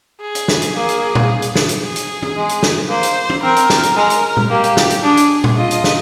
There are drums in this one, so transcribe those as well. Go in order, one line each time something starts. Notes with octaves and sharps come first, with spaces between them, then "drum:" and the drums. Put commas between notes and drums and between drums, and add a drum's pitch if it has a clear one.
G#4
drum: hi-hat
drum: snare
drum: hi-hat
A#3
drum: hi-hat
drum: tom A#2
drum: hi-hat
drum: snare
drum: hi-hat
G#4
drum: hi-hat
drum: tom
G#3
drum: hi-hat
drum: snare
A#3 C5
drum: hi-hat
drum: tom
C4 A#4
drum: hi-hat
drum: snare
drum: hi-hat
G#3 A#4
drum: hi-hat
drum: tom A#2
A#3 G4
drum: hi-hat
drum: snare
drum: hi-hat
D4 G#4
drum: hi-hat
drum: tom A#2
F4 D#5
drum: hi-hat
drum: snare